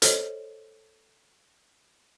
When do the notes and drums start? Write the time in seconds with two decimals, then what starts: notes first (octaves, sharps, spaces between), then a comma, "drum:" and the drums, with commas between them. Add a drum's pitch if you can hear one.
0.02 A4 C5 C#5 D#5, drum: hi-hat